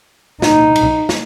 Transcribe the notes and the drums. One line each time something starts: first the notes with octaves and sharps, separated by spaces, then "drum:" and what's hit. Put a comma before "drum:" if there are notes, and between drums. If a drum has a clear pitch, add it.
D#4, drum: snare
drum: cymbal
drum: snare